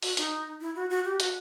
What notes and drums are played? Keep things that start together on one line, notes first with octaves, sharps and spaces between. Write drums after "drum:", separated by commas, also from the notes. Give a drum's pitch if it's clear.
F#4, drum: open hi-hat
D#4, drum: hi-hat
E4
F#4
F#4
G4
F#4, drum: hi-hat